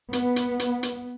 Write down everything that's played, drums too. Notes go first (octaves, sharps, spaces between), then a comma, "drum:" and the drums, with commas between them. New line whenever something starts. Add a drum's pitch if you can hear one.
B3, drum: hi-hat
drum: hi-hat
drum: hi-hat
drum: hi-hat